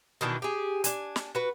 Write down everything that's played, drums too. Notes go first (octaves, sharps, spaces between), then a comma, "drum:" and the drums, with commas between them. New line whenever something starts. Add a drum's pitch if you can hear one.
B2 D#3 E3 D4
G4 G#4
D4 G#5, drum: hi-hat
drum: snare
F#4 B4